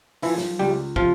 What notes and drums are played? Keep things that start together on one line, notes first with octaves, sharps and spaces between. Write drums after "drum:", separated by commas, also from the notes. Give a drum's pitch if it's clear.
E3 F3 E4, drum: open hi-hat
drum: snare
C#2 G3 G4
C3 F3 F4, drum: kick